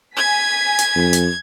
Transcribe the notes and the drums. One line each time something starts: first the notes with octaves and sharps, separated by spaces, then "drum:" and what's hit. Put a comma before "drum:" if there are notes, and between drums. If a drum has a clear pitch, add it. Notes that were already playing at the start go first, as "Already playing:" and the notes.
G#5 G#6 B6
drum: hi-hat
F2
drum: hi-hat